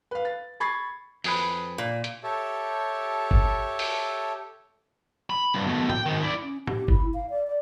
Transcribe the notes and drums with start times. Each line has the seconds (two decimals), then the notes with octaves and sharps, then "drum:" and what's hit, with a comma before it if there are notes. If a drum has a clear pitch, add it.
0.11 B4 F5
0.25 A6
0.60 B5 C#6 G#6 A6 C7
1.24 F2 G#4 B4, drum: open hi-hat
1.78 A#2
2.04 drum: hi-hat
2.24 G4 A4 C#5 E5 A5
3.31 drum: kick G1
3.79 drum: open hi-hat
5.30 B5
5.54 C2 G2
5.67 B2 A3
5.90 G5, drum: tom A2
6.06 G#2 D#3
6.22 E4 D5
6.42 C#4
6.67 G4, drum: tom A2
6.88 E4, drum: kick G1
7.14 F5
7.30 D5
7.47 D5